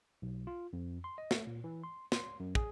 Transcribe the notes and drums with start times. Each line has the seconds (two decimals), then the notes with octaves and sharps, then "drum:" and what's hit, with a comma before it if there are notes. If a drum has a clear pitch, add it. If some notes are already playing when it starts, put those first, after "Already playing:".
0.22 B1
0.47 F4
0.73 F2
1.04 C6
1.18 D#5
1.31 A3, drum: snare
1.47 A#2
1.64 E3
1.84 C6
2.12 C6, drum: snare
2.40 F#2
2.55 G#4, drum: kick